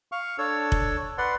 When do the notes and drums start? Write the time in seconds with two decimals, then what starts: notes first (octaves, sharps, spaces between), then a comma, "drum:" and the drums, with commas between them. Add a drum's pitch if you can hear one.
0.12 F5 C#6
0.38 D4 A4 C#5 E6
0.72 drum: kick F1
1.18 B4 D5 F#5 C6